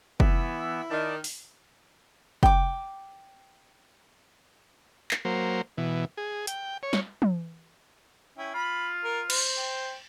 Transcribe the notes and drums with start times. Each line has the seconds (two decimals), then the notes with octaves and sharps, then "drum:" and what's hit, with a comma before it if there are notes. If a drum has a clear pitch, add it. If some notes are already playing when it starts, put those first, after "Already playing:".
0.20 E3 B3 E4 E6, drum: kick
0.90 D#3 D5 A5
1.24 drum: open hi-hat
2.43 G5 D6, drum: kick
5.11 drum: clap
5.25 F#3 A#3 C5
5.78 B2 E3
6.17 G#4
6.47 G5, drum: hi-hat
6.83 C#5
6.93 drum: snare
7.22 drum: tom
8.38 C#4 E4 G5
8.54 F4 B5
9.04 A#4
9.30 C5, drum: cymbal
9.58 G5